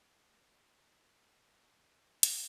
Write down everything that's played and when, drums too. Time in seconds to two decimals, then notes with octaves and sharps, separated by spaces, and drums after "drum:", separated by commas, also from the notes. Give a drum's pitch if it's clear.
0.21 A3
0.56 D#4
2.23 drum: hi-hat